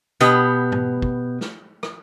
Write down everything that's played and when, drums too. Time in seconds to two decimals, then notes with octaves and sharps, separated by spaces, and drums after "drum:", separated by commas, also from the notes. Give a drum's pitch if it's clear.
0.20 B2 B3 G4, drum: hi-hat
0.72 drum: tom G#2
1.02 drum: kick
1.41 drum: snare
1.83 drum: rim click